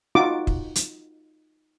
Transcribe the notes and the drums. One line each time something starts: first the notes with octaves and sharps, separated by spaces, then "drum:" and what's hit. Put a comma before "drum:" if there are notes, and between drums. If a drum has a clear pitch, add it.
D#4 F4 F#4 D6
drum: kick
drum: hi-hat